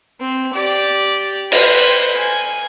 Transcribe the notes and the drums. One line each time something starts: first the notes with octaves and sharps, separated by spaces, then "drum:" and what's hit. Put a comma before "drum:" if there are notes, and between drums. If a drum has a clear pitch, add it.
C4
G4 D5
B4 C5, drum: cymbal
G#5